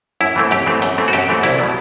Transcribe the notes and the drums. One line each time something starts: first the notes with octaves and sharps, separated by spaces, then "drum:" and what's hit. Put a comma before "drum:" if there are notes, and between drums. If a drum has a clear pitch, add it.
F#2 E4
E3 A3 C4
F#2 G4, drum: hi-hat
E3 A3 C4
F#2, drum: hi-hat
E3 A3 C4
F#4
F#2 G4, drum: hi-hat
E3 A3 C4
C2 E4, drum: hi-hat
B2 F#3 B3